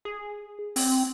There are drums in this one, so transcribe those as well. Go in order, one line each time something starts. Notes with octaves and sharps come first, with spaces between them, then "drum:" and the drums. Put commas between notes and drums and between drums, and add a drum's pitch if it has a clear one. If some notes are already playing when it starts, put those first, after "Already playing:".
G#4
C4, drum: open hi-hat